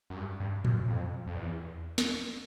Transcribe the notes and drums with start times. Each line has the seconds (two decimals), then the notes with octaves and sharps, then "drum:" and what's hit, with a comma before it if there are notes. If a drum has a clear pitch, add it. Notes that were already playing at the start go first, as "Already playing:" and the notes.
0.10 F#2
0.16 G2
0.40 G2
0.65 F#2, drum: tom A2
0.88 F2
1.27 F2
1.35 E2
1.98 drum: snare